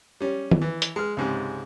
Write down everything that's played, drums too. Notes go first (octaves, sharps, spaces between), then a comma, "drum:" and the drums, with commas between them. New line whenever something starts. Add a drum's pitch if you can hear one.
G3 C#4
drum: tom D#3
E3
drum: hi-hat
G#3 F6
C#2 G#2 C3